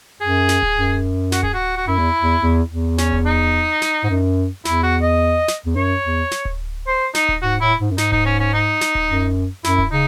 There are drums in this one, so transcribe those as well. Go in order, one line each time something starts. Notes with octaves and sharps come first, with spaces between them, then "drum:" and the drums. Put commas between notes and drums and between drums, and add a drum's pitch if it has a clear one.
F#2 G#4
drum: snare
drum: kick D1
F#2
F#4, drum: snare
G#4, drum: kick D1
F#4
F#4
F#2 E4
E2
E2
E2
E2
C#4, drum: snare
drum: kick D1
D#4
drum: snare
G#2
F#2
E2 E4, drum: snare
F#4
D#5
drum: snare
E2
F#2 C#5
E2
drum: snare
drum: kick D1
C5
D#4, drum: snare
drum: kick D1
G#2 F#4
A2 E4
G#2
F#2
G#2 D#4, drum: snare
D#4, drum: kick D1
C#4
C#4
D#4
drum: snare
drum: kick D1
F#2
F#2 E4, drum: snare
drum: kick D1
C#3 D#4